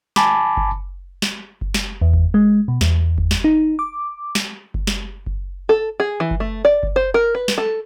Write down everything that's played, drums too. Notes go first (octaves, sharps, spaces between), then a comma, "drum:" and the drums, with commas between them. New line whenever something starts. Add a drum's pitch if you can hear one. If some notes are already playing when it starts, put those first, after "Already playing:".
G#5 A5 B5 D6, drum: snare
drum: kick F#1
drum: snare
drum: kick F#1
drum: snare
E2
drum: kick F#1
G#3
B2
E2, drum: snare
drum: kick F#1
drum: snare
D#4
D6
drum: snare
drum: kick F#1
drum: snare
drum: kick F#1
A4
G#4
E3
drum: kick F#1
A3
D5
drum: kick F#1
C5
A#4
B4
drum: snare
A4